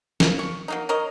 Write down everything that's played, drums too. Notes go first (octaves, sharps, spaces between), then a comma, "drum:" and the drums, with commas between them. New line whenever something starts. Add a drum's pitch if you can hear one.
A#3, drum: snare
C#6
F#3 A#3 D#4
A#4 C#5 D#5